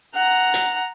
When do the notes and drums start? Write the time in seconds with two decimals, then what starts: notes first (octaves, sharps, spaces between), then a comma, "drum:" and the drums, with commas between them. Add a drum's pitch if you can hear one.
0.15 F#5 A#5
0.54 drum: hi-hat